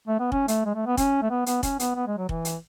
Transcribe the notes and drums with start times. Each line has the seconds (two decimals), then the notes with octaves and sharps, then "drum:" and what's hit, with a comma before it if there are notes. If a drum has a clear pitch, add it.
0.07 A3
0.19 B3
0.32 C#4, drum: kick F1
0.48 A3, drum: hi-hat
0.65 G#3
0.75 A3
0.86 B3
0.97 C#4, drum: kick F1, hi-hat
1.22 A3
1.30 B3
1.46 B3, drum: hi-hat
1.63 C#4, drum: kick F1, hi-hat
1.80 B3, drum: hi-hat
1.96 B3
2.07 G#3
2.18 F#3
2.29 E3, drum: kick F1
2.45 drum: hi-hat